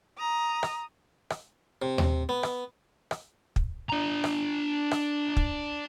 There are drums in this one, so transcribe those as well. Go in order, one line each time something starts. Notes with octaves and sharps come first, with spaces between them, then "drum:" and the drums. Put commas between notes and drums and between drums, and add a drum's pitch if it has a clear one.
A#5 D#6
drum: rim click
drum: rim click
C3
drum: tom D#2
B3
drum: rim click
drum: rim click
drum: kick
D4 A#5
drum: rim click
drum: rim click
drum: kick